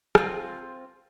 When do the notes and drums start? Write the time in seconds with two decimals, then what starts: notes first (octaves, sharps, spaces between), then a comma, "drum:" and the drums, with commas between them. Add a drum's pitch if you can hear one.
0.15 C4 F4, drum: rim click